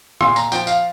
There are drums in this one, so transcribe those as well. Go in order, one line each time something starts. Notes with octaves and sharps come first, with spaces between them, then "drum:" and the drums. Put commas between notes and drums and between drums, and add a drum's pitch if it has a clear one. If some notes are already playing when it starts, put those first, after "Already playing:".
A#2 C6, drum: rim click
A#5, drum: tambourine
F3 G5, drum: tambourine
F5, drum: tambourine